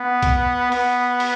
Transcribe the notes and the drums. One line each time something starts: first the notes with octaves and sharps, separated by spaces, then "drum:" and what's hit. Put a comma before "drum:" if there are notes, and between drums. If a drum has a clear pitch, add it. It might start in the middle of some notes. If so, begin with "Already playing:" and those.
Already playing: B3
drum: kick B1, hi-hat
B3, drum: open hi-hat
drum: open hi-hat